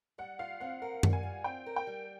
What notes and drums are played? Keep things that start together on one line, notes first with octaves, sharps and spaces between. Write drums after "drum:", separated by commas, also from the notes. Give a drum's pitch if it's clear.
G3 F#5
F4 F5
C4 F#5
A#4 F#5
G3, drum: tom F#2
G#5
F4
C4 G5
A#4
G5
G3